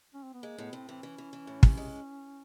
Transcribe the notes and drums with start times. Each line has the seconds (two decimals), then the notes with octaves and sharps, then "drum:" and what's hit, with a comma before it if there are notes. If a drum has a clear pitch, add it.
0.14 C#4
0.23 C4
0.34 B3
0.43 G#3 A#3
0.58 A2 B3
0.73 A2 C4
0.88 E3 C4
1.03 E3 C#4
1.18 E3
1.33 E3
1.47 A2
1.63 C3, drum: kick
1.77 G#3